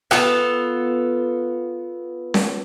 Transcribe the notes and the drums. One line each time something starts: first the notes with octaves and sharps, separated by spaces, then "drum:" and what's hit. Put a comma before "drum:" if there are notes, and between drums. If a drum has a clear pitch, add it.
B3 F4 A4, drum: rim click
drum: snare C#4